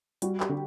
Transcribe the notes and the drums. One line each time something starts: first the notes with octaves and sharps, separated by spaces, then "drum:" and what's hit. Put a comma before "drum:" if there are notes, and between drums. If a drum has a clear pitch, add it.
G3 F#4, drum: hi-hat
G4, drum: clap
D3